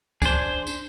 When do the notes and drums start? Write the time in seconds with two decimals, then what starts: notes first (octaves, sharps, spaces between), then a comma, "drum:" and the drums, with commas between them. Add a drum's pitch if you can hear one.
0.22 D4 G#4 C5, drum: kick, tambourine
0.67 drum: tambourine